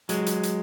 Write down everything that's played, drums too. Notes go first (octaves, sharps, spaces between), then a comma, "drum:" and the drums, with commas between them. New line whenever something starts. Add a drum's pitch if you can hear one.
F#3 G#3, drum: hi-hat
drum: hi-hat
drum: hi-hat